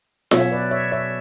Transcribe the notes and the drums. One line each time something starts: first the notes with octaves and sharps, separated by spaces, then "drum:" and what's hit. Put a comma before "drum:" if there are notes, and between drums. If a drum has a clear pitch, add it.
B2 F#3 C#4 C#5 E5, drum: snare F4
B4 D5
C#5 E5
C#5 E5